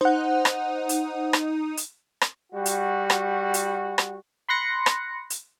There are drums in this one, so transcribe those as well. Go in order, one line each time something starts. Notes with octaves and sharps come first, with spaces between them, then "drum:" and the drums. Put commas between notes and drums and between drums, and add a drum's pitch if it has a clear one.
D#4 C5 F#5
drum: rim click
drum: hi-hat
drum: rim click
drum: hi-hat
drum: rim click
G3 F#4
drum: hi-hat
drum: rim click
drum: hi-hat
drum: rim click
B5 C6 F#6 A#6 C#7
drum: rim click
drum: hi-hat